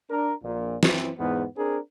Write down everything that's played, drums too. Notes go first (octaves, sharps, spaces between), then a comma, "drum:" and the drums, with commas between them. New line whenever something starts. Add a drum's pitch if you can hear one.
D4 A#4
A#1 A#2
F#2 E3 C4, drum: snare
E2 G#2 B3
C4 D4 G#4 A#4